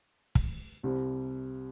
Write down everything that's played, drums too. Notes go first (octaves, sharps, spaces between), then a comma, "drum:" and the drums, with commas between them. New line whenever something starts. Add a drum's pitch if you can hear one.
drum: kick
C2 C3 G3 C4